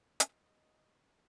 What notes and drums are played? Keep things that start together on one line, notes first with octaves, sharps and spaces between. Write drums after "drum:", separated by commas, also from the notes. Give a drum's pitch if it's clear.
D#5, drum: hi-hat